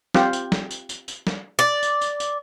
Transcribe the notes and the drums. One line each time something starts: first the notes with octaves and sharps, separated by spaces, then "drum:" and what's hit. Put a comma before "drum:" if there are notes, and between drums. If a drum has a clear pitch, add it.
C4 F4 G4, drum: snare
drum: tambourine
drum: snare
drum: tambourine
drum: tambourine
drum: tambourine
drum: snare
D5
drum: tambourine
drum: tambourine
drum: tambourine